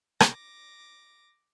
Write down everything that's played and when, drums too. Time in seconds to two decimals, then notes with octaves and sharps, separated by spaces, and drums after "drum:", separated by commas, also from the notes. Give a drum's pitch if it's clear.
0.20 D6 A#6, drum: rim click